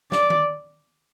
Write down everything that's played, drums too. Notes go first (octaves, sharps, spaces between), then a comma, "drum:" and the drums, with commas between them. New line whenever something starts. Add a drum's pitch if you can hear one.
D5, drum: snare
drum: tom D#3